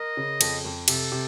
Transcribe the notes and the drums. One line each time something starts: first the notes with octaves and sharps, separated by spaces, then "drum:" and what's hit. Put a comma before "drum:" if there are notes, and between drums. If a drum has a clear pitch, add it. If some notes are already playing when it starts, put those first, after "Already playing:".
Already playing: A#4 D#5
C#3
F2, drum: cymbal
F2
C3 A4, drum: cymbal
C3